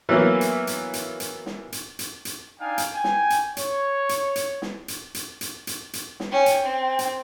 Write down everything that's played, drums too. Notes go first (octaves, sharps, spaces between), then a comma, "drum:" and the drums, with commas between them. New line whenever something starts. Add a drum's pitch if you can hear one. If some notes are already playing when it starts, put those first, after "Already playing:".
E3 F#3 A#3 B3
drum: hi-hat
drum: hi-hat
drum: hi-hat
drum: hi-hat
drum: snare
drum: hi-hat
drum: hi-hat
drum: hi-hat
D4 D#4 F5 G5 G#5
drum: hi-hat
G5 G#5
drum: snare
drum: hi-hat
C#5, drum: hi-hat
drum: hi-hat
drum: hi-hat
drum: snare
drum: hi-hat
drum: hi-hat
drum: hi-hat
drum: hi-hat
drum: hi-hat
drum: snare
C#4 G5
drum: hi-hat
C4
drum: hi-hat